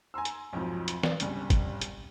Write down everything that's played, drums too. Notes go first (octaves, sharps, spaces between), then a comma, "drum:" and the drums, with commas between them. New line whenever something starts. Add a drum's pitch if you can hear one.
G#5 A#5 C6 E6
drum: hi-hat
B1 F2 G#2 F3
drum: hi-hat
D5, drum: snare
G1 C2 C#3, drum: hi-hat
drum: kick, hi-hat
drum: hi-hat